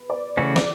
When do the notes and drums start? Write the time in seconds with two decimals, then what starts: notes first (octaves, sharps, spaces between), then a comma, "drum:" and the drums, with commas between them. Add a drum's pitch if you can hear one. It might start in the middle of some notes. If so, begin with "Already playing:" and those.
Already playing: B4
0.10 D5
0.37 C#3 E3 A3 C#4 F#4 D5
0.56 D5, drum: snare